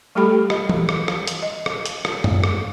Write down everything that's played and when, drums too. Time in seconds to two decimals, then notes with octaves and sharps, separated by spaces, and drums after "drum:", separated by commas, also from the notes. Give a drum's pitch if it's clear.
0.15 G3 A3 G4 A4 G5 B5
0.50 D#5, drum: rim click
0.69 drum: tom E3
0.89 drum: rim click
1.08 drum: rim click
1.27 drum: hi-hat
1.42 D#5
1.66 drum: rim click
1.86 drum: hi-hat
2.05 drum: rim click
2.24 drum: tom F#2
2.44 drum: rim click